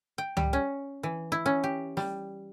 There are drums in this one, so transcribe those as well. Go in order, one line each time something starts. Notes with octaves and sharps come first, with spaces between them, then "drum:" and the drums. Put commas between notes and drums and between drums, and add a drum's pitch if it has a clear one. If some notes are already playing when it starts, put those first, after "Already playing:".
G5
G3, drum: tom C#2
C#4
E3
E4
C#4
G4
G3, drum: snare